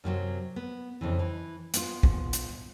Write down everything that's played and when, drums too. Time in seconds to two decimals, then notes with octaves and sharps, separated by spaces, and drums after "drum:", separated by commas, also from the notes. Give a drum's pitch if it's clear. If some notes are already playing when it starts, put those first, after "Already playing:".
0.04 F#2 C3 D#3 F#3
0.56 B3
1.01 F2 C#3 E3
1.19 E3
1.74 B3 F4, drum: hi-hat
2.03 drum: kick
2.33 drum: hi-hat